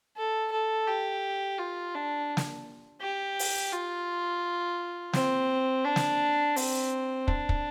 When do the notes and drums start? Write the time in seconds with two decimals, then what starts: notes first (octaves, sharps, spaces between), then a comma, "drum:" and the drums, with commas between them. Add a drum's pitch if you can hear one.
0.16 A4
0.52 A4
0.87 G4
1.58 F4
1.94 D4
2.37 drum: snare
3.01 G4
3.39 drum: open hi-hat
3.72 F4
5.13 C4, drum: snare
5.85 D4
5.96 drum: snare
6.56 C4, drum: open hi-hat
7.28 D4, drum: kick
7.49 drum: kick